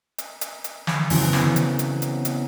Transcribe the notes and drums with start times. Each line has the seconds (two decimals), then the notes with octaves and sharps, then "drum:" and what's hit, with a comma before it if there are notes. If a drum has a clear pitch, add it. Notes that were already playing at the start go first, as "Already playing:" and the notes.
0.18 drum: hi-hat
0.41 drum: hi-hat
0.64 drum: hi-hat
0.87 drum: snare
1.10 C#3 E3 F#3 A3 B3 C4, drum: open hi-hat
1.33 drum: snare
1.56 drum: hi-hat
1.79 drum: hi-hat
2.02 drum: hi-hat
2.25 drum: hi-hat